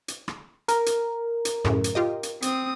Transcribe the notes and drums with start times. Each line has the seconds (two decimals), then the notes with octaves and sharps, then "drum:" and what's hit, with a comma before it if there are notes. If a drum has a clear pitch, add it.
0.08 drum: hi-hat
0.28 drum: rim click
0.68 A#4, drum: hi-hat
0.86 drum: hi-hat
1.45 drum: hi-hat
1.65 F#2 A2 C#3, drum: rim click
1.84 drum: hi-hat
1.95 F4 G4 D#5
2.23 drum: hi-hat
2.42 C4 D#6, drum: hi-hat